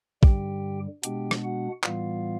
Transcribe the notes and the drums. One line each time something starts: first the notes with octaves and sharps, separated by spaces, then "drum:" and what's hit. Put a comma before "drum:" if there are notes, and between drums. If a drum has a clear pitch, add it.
G2 D3 G3 G4 G5, drum: kick A#1
B2 G#3 B3 D4 G4 G5, drum: hi-hat
drum: rim click
F#4 F#5
A2 E3 G3 B3 F4 F5, drum: clap